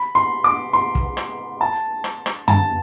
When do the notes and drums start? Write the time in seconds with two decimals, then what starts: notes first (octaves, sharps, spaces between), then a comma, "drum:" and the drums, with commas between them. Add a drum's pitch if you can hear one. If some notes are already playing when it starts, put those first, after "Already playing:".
Already playing: B5
0.15 C6
0.44 D6
0.73 C6
0.95 drum: kick
1.17 drum: rim click
1.61 A5
2.04 drum: rim click
2.26 drum: rim click
2.48 A5, drum: tom F#2